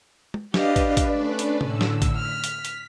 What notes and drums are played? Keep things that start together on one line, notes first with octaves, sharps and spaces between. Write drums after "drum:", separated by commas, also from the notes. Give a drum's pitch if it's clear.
drum: tom
D4 G4 B4 D5 D#5 F5, drum: snare
drum: kick, hi-hat
drum: kick, hi-hat
A3 C#4
drum: hi-hat
A2 D3 E6, drum: tom C3
drum: snare
drum: kick, hi-hat
F6 B6
drum: hi-hat
drum: hi-hat